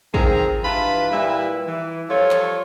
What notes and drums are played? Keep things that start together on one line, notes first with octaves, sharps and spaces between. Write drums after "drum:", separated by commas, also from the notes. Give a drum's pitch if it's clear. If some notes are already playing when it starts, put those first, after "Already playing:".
D#3 F3 C4 F4 G#4 A#5, drum: kick
G2 E3 F4 B4 A5 B5
A#2 G3 A#3 E4 B4 E5
E3
F3 G3 F4 A4 C#5
drum: clap